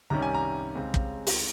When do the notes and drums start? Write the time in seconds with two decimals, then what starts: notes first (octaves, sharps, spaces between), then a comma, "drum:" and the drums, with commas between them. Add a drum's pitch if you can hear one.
0.10 C2 C3 D#3 G3 C#4 A#5
0.22 G#5
0.34 A#5
0.75 C#2 C#3 G#3 C4
0.94 drum: kick
1.27 drum: open hi-hat